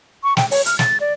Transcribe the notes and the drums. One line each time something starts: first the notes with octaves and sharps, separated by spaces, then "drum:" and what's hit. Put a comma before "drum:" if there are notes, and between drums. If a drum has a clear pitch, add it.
C#6
G5, drum: snare
C#5, drum: open hi-hat
F6, drum: hi-hat
A6, drum: snare
D5